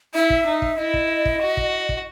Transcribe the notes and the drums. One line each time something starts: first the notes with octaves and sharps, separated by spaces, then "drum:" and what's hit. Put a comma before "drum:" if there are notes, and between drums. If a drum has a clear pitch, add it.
E4 E5
drum: kick
D#4
drum: kick
E4 D#5
drum: kick
drum: kick
F#4
drum: kick
drum: kick